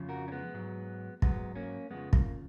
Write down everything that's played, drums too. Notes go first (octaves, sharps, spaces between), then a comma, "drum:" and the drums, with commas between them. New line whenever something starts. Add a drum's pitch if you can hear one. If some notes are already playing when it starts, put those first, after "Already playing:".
Already playing: F2 C#3 F3
F#4 A#4
C#4
G#3 B3
G#2 F#3
G#2 F#3 G#3 B3, drum: kick
A#3 C#4
F2 C#3 F3 G#3 B3
A#3, drum: kick